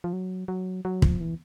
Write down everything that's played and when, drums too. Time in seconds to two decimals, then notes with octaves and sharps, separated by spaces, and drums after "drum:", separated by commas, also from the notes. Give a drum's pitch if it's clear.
0.04 F3
0.13 F#3
0.48 F#3
0.85 F#3
1.02 F3, drum: kick
1.21 E3